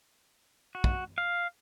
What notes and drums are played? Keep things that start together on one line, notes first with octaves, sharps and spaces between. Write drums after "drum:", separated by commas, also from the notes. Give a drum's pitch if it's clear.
F#4
drum: kick
F5